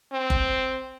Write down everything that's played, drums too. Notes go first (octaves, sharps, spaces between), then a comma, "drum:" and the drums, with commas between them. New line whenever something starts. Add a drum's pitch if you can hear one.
C4
drum: kick F#1